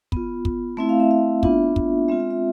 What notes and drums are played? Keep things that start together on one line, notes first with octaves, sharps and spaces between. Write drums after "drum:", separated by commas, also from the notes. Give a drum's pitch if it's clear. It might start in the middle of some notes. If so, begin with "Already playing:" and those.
B3 F4, drum: kick
drum: kick
A3 C4 E4 E5
F5
E5
E5
B3 D4 F4, drum: kick
drum: kick
G#3 C4 F4 E5
E5
E5